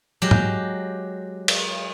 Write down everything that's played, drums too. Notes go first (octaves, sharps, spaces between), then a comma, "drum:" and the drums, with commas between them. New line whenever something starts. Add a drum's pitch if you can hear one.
F#3 G#3 G4 G5
drum: tom
drum: cymbal